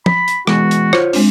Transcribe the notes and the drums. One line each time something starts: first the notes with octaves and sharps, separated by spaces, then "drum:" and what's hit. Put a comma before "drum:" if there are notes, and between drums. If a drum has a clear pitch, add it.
B5, drum: tom
drum: hi-hat
E3 G#3 B3 F#4, drum: rim click
drum: hi-hat
F4 C5 C#5, drum: rim click
G#3 C4 D4, drum: open hi-hat